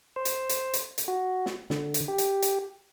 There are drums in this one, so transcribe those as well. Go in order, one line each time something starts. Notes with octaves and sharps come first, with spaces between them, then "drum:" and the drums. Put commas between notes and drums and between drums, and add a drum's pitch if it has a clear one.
C5
drum: hi-hat
drum: hi-hat
drum: hi-hat
drum: hi-hat
F#4
drum: snare
D3, drum: snare
drum: hi-hat
G4
drum: hi-hat
drum: hi-hat